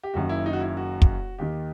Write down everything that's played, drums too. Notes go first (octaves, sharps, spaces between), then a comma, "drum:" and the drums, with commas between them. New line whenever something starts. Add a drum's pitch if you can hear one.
G4
F#1 F#2 D#3 F#4
E4
D#4
F#4
E4
F#4
drum: kick
D#2 D#3 G4